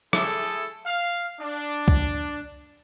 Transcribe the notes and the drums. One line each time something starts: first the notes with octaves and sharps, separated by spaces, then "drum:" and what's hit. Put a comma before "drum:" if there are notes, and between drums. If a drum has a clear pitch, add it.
A3 E4 G#4 A4, drum: rim click
F5
D4
drum: kick